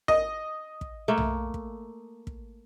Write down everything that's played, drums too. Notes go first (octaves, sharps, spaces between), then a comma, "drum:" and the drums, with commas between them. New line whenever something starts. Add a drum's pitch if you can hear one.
D#5, drum: kick
drum: kick
A3 A#3
drum: tom B1
drum: kick
drum: kick